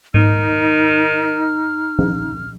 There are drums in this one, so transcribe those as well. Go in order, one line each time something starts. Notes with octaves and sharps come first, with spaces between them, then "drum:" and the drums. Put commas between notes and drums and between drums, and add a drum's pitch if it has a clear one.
D#3 D#4 F6, drum: tom G#2
drum: tom F3